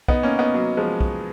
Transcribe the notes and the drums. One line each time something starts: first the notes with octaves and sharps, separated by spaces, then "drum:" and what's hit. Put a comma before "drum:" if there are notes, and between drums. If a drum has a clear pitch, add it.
B3 D#4, drum: kick
A#3 C#4
B3 D#4
F#3
F3 G#3
drum: kick